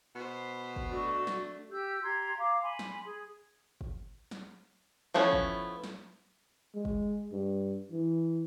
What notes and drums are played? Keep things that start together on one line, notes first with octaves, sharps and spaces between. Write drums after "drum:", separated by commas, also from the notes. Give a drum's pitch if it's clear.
B2 C5 B5
drum: kick
A3 D4 F#4
drum: snare
G4 E6 G6
G4 A#5 C6 G#6
F5 A#5 D6
G#5 B5 C6
drum: snare
G#4
drum: kick
drum: snare
F3 A3 B3 C#4 E4
drum: kick
drum: snare
G#3
drum: kick
G2
E3